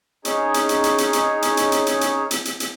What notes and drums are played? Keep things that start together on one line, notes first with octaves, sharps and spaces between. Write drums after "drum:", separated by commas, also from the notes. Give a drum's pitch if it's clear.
C#4 D#4 G#4 C#5, drum: hi-hat
drum: hi-hat
drum: hi-hat
drum: hi-hat
drum: hi-hat
drum: hi-hat
drum: hi-hat
drum: hi-hat
drum: hi-hat
drum: hi-hat
drum: hi-hat
drum: hi-hat
drum: hi-hat
drum: hi-hat